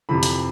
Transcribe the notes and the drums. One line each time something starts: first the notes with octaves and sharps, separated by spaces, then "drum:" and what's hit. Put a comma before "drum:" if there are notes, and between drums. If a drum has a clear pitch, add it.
F2 C3 E3 B5
drum: hi-hat